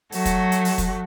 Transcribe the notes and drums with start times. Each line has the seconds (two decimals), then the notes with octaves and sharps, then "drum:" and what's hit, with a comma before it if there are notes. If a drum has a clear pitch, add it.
0.12 F#3 A3 F#4, drum: open hi-hat
0.25 drum: kick, hi-hat
0.52 drum: hi-hat
0.65 drum: open hi-hat
0.78 drum: kick, hi-hat